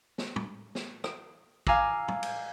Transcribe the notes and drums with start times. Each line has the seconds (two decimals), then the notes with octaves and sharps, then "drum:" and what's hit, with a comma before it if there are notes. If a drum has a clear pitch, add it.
0.18 drum: snare
0.36 drum: tom
0.75 drum: snare
1.04 drum: rim click
1.67 F5 G#5 A#5 D6 E6, drum: kick
2.08 drum: tom
2.23 drum: cymbal